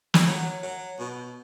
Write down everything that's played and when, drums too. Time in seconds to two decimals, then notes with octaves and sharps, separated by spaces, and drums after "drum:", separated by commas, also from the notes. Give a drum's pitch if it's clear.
0.14 D#3, drum: snare
0.28 F#3
0.63 F#3
0.99 B2